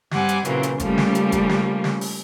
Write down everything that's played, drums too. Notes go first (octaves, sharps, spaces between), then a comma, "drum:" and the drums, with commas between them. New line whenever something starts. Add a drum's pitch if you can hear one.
G2 G3 C4 F#5 G#5 D6, drum: snare
drum: hi-hat
A#2 C#3 E3 F#3 A#3 C4, drum: hi-hat
drum: hi-hat
C#3 F3 G3 A3 A#3 C#4, drum: kick F#1, hi-hat
drum: snare
drum: hi-hat
drum: kick F#1, hi-hat
drum: snare
drum: snare
drum: open hi-hat